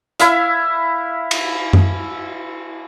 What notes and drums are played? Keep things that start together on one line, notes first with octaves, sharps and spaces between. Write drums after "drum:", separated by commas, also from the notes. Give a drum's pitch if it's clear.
E4 E5 F5, drum: hi-hat
drum: cymbal
drum: tom F#2